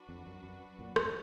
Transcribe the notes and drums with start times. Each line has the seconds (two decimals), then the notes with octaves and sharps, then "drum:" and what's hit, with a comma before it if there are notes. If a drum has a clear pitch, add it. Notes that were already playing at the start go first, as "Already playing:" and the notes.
Already playing: F#3 D4 F#4 B4
0.09 F2
0.27 F#2
0.44 F#2
0.79 F#2 A#2
0.96 F2 G#2, drum: rim click